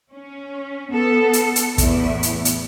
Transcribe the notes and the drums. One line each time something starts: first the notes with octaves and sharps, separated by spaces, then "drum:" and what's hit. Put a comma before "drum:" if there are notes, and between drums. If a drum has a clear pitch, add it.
C#4
B3 A4
drum: hi-hat
drum: hi-hat
E2 A2 E4, drum: kick, hi-hat
drum: hi-hat
drum: hi-hat